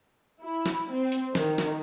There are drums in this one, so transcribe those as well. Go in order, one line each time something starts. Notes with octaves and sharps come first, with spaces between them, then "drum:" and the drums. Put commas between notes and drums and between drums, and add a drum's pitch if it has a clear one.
E4
drum: snare
C4
drum: hi-hat
D#3, drum: snare
drum: snare